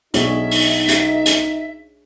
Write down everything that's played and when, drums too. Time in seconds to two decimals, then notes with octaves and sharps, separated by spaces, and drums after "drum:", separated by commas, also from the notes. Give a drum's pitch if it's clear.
0.14 B1 D4 D#4 G#4 C#5 E5, drum: hi-hat
0.51 drum: open hi-hat
0.88 drum: hi-hat
1.26 drum: hi-hat